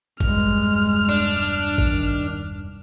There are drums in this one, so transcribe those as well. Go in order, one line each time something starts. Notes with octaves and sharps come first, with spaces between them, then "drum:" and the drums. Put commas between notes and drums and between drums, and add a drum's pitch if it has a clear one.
E1 G2 G#3 F6, drum: kick
D4
D#3, drum: kick